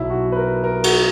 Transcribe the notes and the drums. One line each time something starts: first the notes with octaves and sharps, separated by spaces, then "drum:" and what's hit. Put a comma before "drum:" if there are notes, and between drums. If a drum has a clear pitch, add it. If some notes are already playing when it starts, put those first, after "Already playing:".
Already playing: B1 B2 F#3 E4
F#4
B4
A#4
A#4
F#4, drum: cymbal